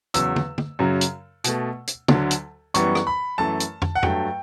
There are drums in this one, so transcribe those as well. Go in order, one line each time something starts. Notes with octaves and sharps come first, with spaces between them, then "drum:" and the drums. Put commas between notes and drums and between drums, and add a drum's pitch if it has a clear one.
E2 C#3 F#3 E6, drum: hi-hat
drum: tom
drum: tom
F#2 C#3 F#3
drum: hi-hat
B2 A3, drum: hi-hat
drum: hi-hat
D2 D3 F#3, drum: tom
drum: hi-hat
F#2 E3 G3 B3 C#6, drum: hi-hat
drum: rim click
B5
F#2 E3 A3 A5
drum: hi-hat
drum: tom
F#5
G2 F#3 A3 G5, drum: tom